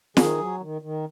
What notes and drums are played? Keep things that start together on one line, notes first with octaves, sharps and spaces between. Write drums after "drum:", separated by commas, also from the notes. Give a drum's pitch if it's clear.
D#3 G#4, drum: snare
F#3
D#3
D#3